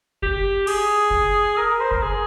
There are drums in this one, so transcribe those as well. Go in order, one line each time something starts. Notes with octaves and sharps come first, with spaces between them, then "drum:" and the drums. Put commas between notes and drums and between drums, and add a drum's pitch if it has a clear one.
G4, drum: kick F#1
G#4, drum: cymbal
drum: kick F#1
A#4
C5
A#4, drum: kick F#1
G#4